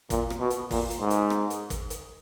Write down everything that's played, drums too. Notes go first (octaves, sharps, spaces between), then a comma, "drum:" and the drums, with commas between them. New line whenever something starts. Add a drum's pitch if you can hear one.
A#2, drum: kick, hi-hat
drum: rim click
B2
drum: hi-hat
A#2, drum: kick, open hi-hat
drum: hi-hat
G#2
drum: hi-hat
drum: rim click
drum: hi-hat
drum: kick, hi-hat
drum: hi-hat